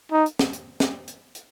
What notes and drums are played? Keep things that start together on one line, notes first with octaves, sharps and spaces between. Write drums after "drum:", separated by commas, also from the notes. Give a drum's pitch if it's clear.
D#4
drum: hi-hat
drum: snare
drum: hi-hat
drum: snare
drum: hi-hat
drum: hi-hat